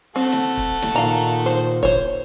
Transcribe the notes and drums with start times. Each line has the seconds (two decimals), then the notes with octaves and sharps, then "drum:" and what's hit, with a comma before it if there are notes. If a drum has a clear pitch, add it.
0.16 A3 C4 F#4 A4
0.32 drum: snare
0.57 drum: kick
0.82 drum: snare
0.96 A#2 D#3 F5 A#5
1.46 C5
1.83 C5 C#5, drum: kick